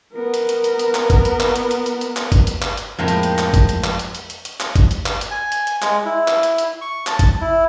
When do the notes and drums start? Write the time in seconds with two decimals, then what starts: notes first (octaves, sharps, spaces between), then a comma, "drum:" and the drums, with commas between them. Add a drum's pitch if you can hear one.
0.13 B3 A#4
0.34 drum: hi-hat
0.49 drum: hi-hat
0.64 drum: hi-hat
0.79 drum: hi-hat
0.95 drum: clap
1.10 drum: kick G1, hi-hat
1.25 drum: hi-hat
1.40 drum: clap
1.56 drum: hi-hat
1.71 drum: hi-hat
1.86 drum: hi-hat
2.01 drum: hi-hat
2.17 drum: clap
2.32 drum: kick G1, hi-hat
2.47 drum: hi-hat
2.62 drum: clap
2.77 drum: hi-hat
2.98 F2 A2 F3 G#3 A#3 C4
3.08 drum: hi-hat
3.23 drum: hi-hat
3.38 drum: clap
3.54 drum: kick G1, hi-hat
3.69 drum: hi-hat
3.84 drum: clap
3.99 drum: hi-hat
4.15 drum: hi-hat
4.30 drum: hi-hat
4.45 drum: hi-hat
4.60 drum: clap
4.76 drum: kick G1, hi-hat
4.91 drum: hi-hat
5.06 drum: clap
5.21 drum: hi-hat
5.31 G#5
5.52 drum: hi-hat
5.67 drum: hi-hat
5.82 G#3, drum: clap
6.06 E4
6.28 drum: clap
6.43 drum: hi-hat
6.58 drum: hi-hat
6.81 C#6
7.07 A5, drum: clap
7.19 drum: kick G1, hi-hat
7.41 E4